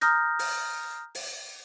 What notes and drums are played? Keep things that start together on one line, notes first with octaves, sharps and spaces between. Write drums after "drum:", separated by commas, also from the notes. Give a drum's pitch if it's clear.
A#5 D#6 F6 G6 A#6, drum: hi-hat
drum: open hi-hat
drum: open hi-hat